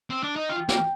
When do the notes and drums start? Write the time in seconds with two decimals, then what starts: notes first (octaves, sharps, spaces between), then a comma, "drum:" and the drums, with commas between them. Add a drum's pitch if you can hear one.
0.10 C4
0.23 D4
0.36 D#4
0.49 F4 G5
0.69 A#3, drum: snare